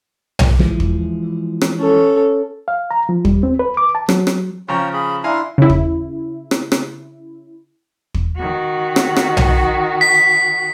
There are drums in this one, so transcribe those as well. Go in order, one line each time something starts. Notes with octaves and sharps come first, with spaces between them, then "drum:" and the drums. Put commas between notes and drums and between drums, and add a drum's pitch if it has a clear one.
drum: tom B1
E3 F3 G#3
drum: kick
drum: rim click
C#4 A4
F5
A#5
F3
G3, drum: kick
C4
B4
D6
A5
F#3, drum: rim click
drum: rim click
C#3 F3 C#5 G5 A#5
G#4 B5
D4 E4 F5 G#5 A#5 C6
C#3 E4
drum: kick
drum: rim click
drum: rim click
drum: kick
D#3 F#4
drum: rim click
drum: rim click
drum: tom B1
B6